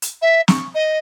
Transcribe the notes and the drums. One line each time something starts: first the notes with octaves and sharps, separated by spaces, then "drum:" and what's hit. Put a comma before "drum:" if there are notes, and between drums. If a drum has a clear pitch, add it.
drum: hi-hat
E5
C#6, drum: snare
D#5